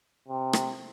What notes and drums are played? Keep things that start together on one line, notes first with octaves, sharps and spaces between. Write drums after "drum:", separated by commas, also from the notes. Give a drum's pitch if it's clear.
C3
drum: rim click